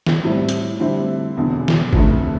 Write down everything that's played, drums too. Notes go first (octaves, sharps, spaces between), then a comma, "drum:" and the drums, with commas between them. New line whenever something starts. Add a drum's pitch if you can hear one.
drum: snare
A2 G3 C4 E4
drum: hi-hat
D3 G3 C4 E4
E1 E2 D3
drum: snare
F1 F2 D3 A3, drum: kick